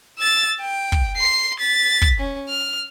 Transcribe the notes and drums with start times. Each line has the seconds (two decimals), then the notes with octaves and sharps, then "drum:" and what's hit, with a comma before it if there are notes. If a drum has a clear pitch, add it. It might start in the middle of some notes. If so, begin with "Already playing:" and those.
0.19 E6 A6
0.60 G5
0.92 drum: kick
1.16 C6 C7
1.59 A6 B6
2.02 drum: kick
2.20 C#4
2.48 F6